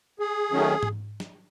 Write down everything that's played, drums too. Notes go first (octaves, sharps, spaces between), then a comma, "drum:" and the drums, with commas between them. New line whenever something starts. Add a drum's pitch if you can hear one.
G#4
D#3 F#3 A3 C#4
drum: tom G#2
drum: snare